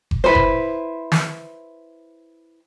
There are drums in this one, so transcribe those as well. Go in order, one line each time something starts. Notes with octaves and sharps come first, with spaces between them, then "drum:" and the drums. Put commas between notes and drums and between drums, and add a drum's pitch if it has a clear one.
drum: kick F#1
E4 B4 C5
drum: kick F#1
drum: snare